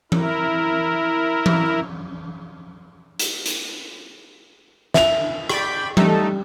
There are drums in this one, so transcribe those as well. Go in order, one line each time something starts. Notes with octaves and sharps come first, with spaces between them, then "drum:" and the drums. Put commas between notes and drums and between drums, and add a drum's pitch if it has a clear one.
E4 A#4, drum: tom E3
drum: tom E3
drum: hi-hat
drum: hi-hat
E5 F7, drum: snare
D5 G5 B5, drum: rim click
G3 A3 D#4 A4, drum: tom E3